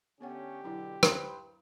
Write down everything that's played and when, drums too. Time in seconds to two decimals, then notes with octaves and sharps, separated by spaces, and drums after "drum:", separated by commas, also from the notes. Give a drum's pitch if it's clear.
0.21 D3 A3 B3 C#4 G4 C#5 F#5
0.64 B2 D3 F#3 D4 E4
1.03 B4 C5, drum: rim click